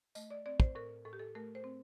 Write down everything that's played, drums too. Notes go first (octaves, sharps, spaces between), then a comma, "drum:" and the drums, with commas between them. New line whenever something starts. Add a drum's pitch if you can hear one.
A3 D#5, drum: tambourine
D5
C4 D5
C5, drum: kick
A2 A#4
A2 A4
G4
A4
A3 A#4
C5
C4